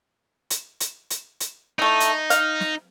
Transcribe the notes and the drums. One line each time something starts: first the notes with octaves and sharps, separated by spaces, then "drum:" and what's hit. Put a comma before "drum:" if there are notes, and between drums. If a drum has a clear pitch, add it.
drum: hi-hat
drum: hi-hat
drum: hi-hat
drum: hi-hat
A3 D#4 E4
drum: hi-hat
F5, drum: hi-hat
drum: snare